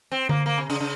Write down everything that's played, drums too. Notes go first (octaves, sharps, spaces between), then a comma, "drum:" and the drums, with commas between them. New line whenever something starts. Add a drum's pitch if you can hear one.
C4
A#3, drum: tom D3
A#3
C3
C#3, drum: open hi-hat
C#3